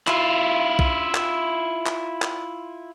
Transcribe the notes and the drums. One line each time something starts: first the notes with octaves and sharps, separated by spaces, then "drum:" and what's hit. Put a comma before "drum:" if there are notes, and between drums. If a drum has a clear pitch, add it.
E4 F4, drum: clap
drum: kick B1
drum: clap
drum: clap
drum: clap